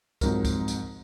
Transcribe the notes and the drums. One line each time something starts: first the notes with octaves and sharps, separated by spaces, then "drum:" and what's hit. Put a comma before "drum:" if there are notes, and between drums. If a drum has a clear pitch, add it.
F2 G#2 F#3 A#4, drum: kick, tambourine
drum: kick, tambourine
drum: tambourine